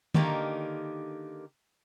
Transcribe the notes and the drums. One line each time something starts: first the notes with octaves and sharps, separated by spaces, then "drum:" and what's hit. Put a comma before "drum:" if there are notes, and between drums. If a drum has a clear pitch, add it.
D3 D#3 A#3 D#4 G4, drum: tom D#3